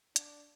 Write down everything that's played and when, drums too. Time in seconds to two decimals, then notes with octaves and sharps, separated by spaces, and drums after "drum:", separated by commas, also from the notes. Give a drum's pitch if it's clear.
0.16 D4, drum: hi-hat